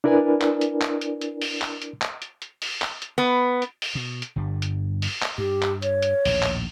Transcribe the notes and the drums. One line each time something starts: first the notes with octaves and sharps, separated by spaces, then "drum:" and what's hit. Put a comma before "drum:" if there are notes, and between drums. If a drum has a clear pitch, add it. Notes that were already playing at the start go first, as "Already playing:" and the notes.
D4 E4 A#4 B4 D5 G#5
drum: clap
drum: hi-hat
drum: clap
drum: hi-hat
drum: hi-hat
drum: open hi-hat
drum: clap
drum: hi-hat
drum: clap
drum: hi-hat
drum: hi-hat
drum: open hi-hat
drum: clap
drum: hi-hat
B3
drum: hi-hat
drum: open hi-hat
B2
drum: hi-hat
G1 G2 G3
drum: hi-hat
drum: open hi-hat
drum: clap
G2 G4
drum: clap
C#5, drum: hi-hat
drum: hi-hat
A#1 D#2 A2, drum: open hi-hat
drum: clap